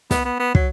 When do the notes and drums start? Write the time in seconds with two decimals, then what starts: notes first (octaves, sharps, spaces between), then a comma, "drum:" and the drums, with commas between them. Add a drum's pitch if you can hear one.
0.11 B3, drum: snare
0.25 B3
0.40 B3
0.55 F#3, drum: kick